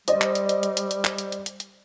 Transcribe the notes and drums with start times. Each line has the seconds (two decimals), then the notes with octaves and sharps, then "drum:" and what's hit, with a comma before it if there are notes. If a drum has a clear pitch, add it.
0.08 G3 C5 D5 D#5, drum: hi-hat
0.22 drum: clap
0.35 drum: hi-hat
0.49 drum: hi-hat
0.63 drum: hi-hat
0.77 drum: hi-hat
0.91 drum: hi-hat
1.05 drum: clap
1.18 drum: hi-hat
1.32 drum: hi-hat
1.46 drum: hi-hat
1.60 drum: hi-hat